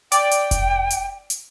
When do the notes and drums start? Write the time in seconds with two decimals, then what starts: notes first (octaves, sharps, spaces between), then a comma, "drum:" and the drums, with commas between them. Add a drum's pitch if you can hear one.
0.12 D5 G5, drum: hi-hat
0.31 drum: hi-hat
0.51 drum: kick F1, hi-hat
0.90 drum: hi-hat
1.30 drum: hi-hat